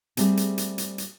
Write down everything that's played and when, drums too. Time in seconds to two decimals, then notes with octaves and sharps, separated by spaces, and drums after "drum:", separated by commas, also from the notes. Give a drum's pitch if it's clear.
0.17 G3 A3 C4 G#4, drum: hi-hat
0.37 drum: hi-hat
0.58 drum: hi-hat
0.78 drum: hi-hat
0.98 drum: hi-hat